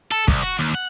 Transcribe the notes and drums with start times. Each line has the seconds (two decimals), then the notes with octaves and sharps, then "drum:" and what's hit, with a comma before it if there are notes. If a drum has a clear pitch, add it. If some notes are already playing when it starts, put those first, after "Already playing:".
0.12 A4
0.28 C2, drum: kick
0.42 F#4
0.59 D#2
0.75 F#5